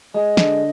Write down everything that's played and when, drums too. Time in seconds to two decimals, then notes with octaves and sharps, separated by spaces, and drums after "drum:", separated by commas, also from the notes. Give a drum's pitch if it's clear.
0.14 G#3 D#5
0.37 D3, drum: snare